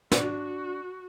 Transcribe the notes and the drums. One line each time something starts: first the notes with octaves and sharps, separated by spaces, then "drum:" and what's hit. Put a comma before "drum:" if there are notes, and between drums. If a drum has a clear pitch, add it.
D4 F#4, drum: snare